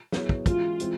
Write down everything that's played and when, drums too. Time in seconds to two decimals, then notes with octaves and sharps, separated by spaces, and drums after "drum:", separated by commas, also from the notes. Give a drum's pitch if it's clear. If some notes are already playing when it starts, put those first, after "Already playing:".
0.12 F#3 B3 E4 G#4 C#5, drum: snare
0.29 drum: kick
0.46 E3 G#3 C#4 F4 F#4, drum: kick, hi-hat
0.80 E3 G#3 C4, drum: hi-hat